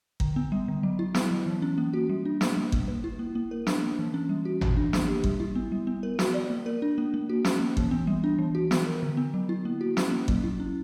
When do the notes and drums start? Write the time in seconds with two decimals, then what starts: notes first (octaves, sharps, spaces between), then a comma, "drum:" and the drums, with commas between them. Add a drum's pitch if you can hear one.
0.20 D3, drum: kick G1
0.36 B3
0.52 G3
0.68 D3
0.83 F#3
0.99 E4
1.14 B3, drum: snare
1.31 F#3
1.46 E3
1.62 C#4
1.78 A#3
1.93 F#4
2.09 G3
2.25 D4
2.41 A#3, drum: snare
2.57 G3
2.72 A#3, drum: kick G1
2.88 B4
3.04 E4
3.19 A#3
3.35 A#3
3.51 A#4
3.67 D4, drum: snare
3.83 A#3
3.99 E3
4.14 C#4
4.29 G3
4.45 F#4
4.61 E3, drum: tom G#1
4.77 D4
4.93 A#3, drum: snare
5.08 G4
5.24 G3, drum: kick G1
5.40 E4
5.55 B3
5.72 G3
5.87 B3
6.03 A#4
6.19 F#4, drum: snare
6.34 D5
6.50 A#3
6.66 A#4
6.82 D4
6.98 A#3
7.14 A#3
7.30 F#4
7.45 C#4, drum: snare
7.60 A#3
7.77 E3, drum: kick G1
7.91 B3
8.07 G3
8.24 D4
8.39 E3
8.55 F#4
8.71 B3, drum: snare
8.87 A#4
9.03 D3
9.17 B3
9.34 F#3
9.49 E4
9.65 A#3
9.81 F#4
9.97 C#4, drum: snare
10.12 A#3
10.28 F#3, drum: kick G1
10.44 E4
10.60 C#4